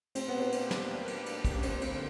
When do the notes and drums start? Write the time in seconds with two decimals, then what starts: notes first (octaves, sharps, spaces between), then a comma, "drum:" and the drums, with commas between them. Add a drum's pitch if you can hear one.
0.15 A#3 C4 D4 G4 B4, drum: cymbal
0.28 B3
0.40 C4
0.52 drum: cymbal
0.71 drum: snare
1.08 drum: cymbal
1.26 drum: cymbal
1.45 drum: kick, cymbal
1.54 C#4
1.63 D3 F3 A#3 C4, drum: cymbal
1.81 C4, drum: cymbal